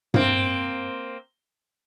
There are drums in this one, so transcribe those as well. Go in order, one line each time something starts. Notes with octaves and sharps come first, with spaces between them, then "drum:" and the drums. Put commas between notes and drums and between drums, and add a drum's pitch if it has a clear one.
A#3 C4, drum: tom G2